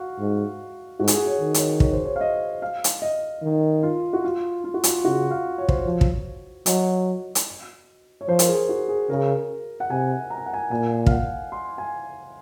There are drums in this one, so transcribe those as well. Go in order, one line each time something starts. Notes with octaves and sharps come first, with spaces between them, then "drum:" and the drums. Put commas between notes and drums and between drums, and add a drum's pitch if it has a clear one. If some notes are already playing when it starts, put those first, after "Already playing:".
Already playing: F#4 F5
G#2
G#2 F#4
G#4, drum: hi-hat
F#4
C#5
D#3
C#5, drum: hi-hat
C#5, drum: kick
C5
C#5
F5
D#5
F5
drum: hi-hat
D#5
D#3
F4
F#4
F4
F4
F#4
F4, drum: hi-hat
C#3 F#4
F5
C#5
C5, drum: kick
C#5
F3
drum: kick
F#3 D#5, drum: hi-hat
drum: hi-hat
C#5
F3 C5
A#4, drum: hi-hat
G#4
F#4
G#4
C#3 A#4
F#5
C3 G#5
A#5
G#5
F#5
G#5
A#2 G#5
F5, drum: kick
F#5
C6
G#5